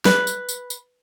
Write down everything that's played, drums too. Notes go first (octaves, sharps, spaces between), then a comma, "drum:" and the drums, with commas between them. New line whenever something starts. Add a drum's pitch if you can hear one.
B4, drum: snare
drum: tambourine
drum: tambourine
drum: tambourine